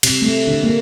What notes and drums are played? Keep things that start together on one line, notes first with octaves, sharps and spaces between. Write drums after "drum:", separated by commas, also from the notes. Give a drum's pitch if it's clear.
C3, drum: cymbal
A3
D3
A#3